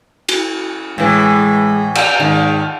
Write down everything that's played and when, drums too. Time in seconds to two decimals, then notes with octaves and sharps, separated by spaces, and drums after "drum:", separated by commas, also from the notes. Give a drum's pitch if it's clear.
0.29 drum: cymbal
0.98 A2 E3 G#3
1.95 drum: cymbal
2.20 G#2 D#3